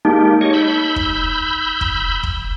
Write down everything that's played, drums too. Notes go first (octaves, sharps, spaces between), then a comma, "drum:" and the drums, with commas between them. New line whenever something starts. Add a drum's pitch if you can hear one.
G#3 A#3 D#4 G4
C#5 D#5 C#6
B5 E6 G6
drum: kick
drum: kick
drum: kick